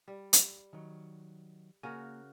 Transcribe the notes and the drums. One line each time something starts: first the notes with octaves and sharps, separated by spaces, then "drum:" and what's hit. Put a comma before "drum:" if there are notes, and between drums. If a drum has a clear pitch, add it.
G3
drum: hi-hat
D#3 F#3
C#3 A#3 F#4 A#4 G#5